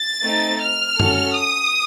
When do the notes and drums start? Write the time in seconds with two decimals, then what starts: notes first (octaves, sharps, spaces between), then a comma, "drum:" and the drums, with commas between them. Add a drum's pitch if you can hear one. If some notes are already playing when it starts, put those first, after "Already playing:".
Already playing: A6
0.24 A3 C4 D#4
0.62 F6
1.00 C#4 F#4 A4, drum: tom F#2
1.37 D#6